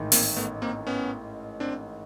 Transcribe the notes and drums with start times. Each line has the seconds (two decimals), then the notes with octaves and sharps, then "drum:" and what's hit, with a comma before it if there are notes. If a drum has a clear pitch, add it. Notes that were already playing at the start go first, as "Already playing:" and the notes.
Already playing: A1 G#2 D#3
0.12 A#3 C4, drum: open hi-hat
0.37 A3 B3
0.62 A#3 C4
0.87 B3 C#4
1.60 C4 D4